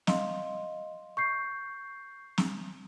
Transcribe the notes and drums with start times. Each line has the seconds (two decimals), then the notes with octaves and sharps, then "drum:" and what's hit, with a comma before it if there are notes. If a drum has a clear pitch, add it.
0.07 D#5 F5 C6, drum: snare
1.17 C#6 G6 C7
2.38 drum: snare